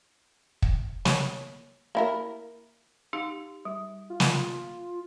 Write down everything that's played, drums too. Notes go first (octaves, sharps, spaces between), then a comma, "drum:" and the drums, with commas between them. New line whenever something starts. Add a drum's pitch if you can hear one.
drum: kick
C#5, drum: snare
A#3 E4 A#4
D#4 G4 F5
G3
F4
drum: snare